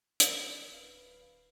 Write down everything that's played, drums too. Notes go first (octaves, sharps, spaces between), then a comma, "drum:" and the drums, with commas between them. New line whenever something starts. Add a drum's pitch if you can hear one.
C#6, drum: hi-hat
D1 B4 F5